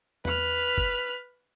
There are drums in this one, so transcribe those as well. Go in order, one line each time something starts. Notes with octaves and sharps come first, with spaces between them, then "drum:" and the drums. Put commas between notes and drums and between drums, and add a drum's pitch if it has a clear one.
B4 F6, drum: tom E2
drum: kick G1